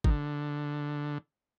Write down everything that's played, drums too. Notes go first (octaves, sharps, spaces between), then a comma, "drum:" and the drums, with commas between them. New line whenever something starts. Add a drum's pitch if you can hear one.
D#3, drum: kick
D3